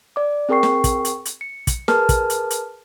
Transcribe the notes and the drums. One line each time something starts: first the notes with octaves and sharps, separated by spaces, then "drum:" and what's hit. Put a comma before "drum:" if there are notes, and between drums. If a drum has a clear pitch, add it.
D5 D6
C4 G#4 A#4 G5 C#6 C7
drum: snare
drum: kick, hi-hat
drum: hi-hat
drum: hi-hat
C#7
drum: kick, hi-hat
G#4 A#4 B4 A5 F6, drum: snare
drum: kick, hi-hat
drum: hi-hat
drum: hi-hat